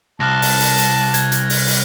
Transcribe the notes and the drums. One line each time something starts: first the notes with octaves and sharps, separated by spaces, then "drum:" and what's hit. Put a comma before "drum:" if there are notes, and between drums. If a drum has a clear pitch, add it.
C2 A5 F6 F#6 A#6
drum: open hi-hat
drum: open hi-hat
drum: hi-hat
G#6, drum: hi-hat
drum: hi-hat
drum: open hi-hat
drum: open hi-hat